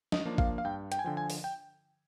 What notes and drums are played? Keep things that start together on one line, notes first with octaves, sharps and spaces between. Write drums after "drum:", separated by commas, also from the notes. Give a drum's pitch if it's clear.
D#5, drum: snare
F3 A#3 D4
F5, drum: kick G#1
F5
G2 G5
G5, drum: hi-hat
G#5
D3 F3 G5
G#5
drum: open hi-hat
G5